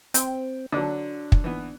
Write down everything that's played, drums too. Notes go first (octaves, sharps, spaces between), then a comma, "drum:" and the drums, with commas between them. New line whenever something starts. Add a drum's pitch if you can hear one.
C4 G5, drum: hi-hat
D3 F#3 D4
drum: kick
E3 B3